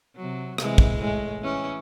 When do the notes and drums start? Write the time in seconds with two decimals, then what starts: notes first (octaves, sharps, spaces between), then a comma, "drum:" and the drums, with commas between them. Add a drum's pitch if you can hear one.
0.16 C3 F#3
0.58 C3 E3 G#3, drum: rim click
0.78 drum: kick
0.99 A2 G#3
1.42 E3 C#4